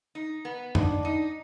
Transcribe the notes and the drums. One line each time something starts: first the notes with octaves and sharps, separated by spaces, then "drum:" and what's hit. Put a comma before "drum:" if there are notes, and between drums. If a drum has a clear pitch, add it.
D#4
B3
D4 D#4, drum: tom
D#4